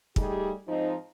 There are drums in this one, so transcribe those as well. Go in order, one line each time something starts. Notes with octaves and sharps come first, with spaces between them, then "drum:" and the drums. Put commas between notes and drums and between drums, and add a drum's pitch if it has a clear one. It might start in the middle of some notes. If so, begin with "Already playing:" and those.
G3 A3 D#4 G4 G#4, drum: kick
G#2 F3 C4 D#4